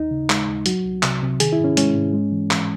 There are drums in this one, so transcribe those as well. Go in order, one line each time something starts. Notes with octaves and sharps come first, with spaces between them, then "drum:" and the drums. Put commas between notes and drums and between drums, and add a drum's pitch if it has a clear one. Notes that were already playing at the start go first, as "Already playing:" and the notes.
Already playing: D#2 D#4
C#3
G#3, drum: clap
D#2
F#3 F#4, drum: hi-hat
C2
C3, drum: clap
C3
D#3 G#4, drum: hi-hat
E4
G#2
C#4
G#3 C#4, drum: hi-hat
G#2
G#3
E3
E3, drum: clap